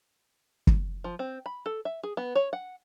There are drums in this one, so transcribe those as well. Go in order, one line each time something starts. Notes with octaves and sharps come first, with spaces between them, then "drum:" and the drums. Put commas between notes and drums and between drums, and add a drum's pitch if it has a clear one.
drum: kick
F3
C4
B5
A4
E5
G#4
B3
C#5
F#5